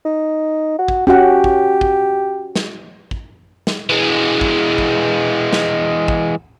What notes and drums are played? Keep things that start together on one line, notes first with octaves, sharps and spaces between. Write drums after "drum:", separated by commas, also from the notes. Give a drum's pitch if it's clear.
D#4
F#4
drum: kick
C#4 F#4 G4 F#5
drum: kick
drum: kick
drum: snare
drum: kick
drum: snare
E3 G#3
drum: kick
drum: kick
drum: snare
drum: kick